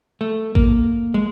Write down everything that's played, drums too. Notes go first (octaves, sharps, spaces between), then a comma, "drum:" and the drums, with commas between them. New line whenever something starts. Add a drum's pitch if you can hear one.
A3
A#3, drum: kick A1
G#3